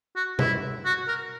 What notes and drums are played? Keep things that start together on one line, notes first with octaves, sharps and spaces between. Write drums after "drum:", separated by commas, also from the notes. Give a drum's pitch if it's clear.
F#4
E4, drum: tom B2
F#4
A#4